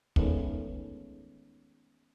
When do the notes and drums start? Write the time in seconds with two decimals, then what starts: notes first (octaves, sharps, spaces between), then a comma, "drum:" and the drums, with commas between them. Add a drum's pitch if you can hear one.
0.16 D#3 G#3 A3 B3 C#4, drum: kick